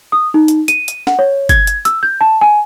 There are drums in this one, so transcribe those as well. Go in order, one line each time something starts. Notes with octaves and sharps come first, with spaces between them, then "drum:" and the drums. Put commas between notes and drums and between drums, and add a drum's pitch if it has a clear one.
D#6
D#4
drum: hi-hat
D#7, drum: hi-hat
drum: hi-hat
F#5, drum: snare
C#5
G#6, drum: kick, hi-hat
drum: hi-hat
E6, drum: hi-hat
G6
A5
G#5